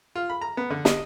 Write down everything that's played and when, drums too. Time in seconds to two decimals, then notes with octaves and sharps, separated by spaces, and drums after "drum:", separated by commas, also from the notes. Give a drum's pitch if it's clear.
0.15 F4
0.30 B5
0.41 A#5
0.57 B3
0.70 D3
0.85 D#5, drum: snare